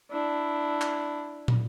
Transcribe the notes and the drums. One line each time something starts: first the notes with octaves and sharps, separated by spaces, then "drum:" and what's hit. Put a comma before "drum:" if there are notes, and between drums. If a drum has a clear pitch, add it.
D4 E4
drum: clap
drum: tom